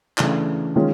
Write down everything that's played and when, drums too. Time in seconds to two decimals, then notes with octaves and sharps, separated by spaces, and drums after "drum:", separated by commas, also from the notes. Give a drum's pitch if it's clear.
0.18 C#3 E3 A3 D4, drum: clap
0.76 D#3 G#3 C#4 F4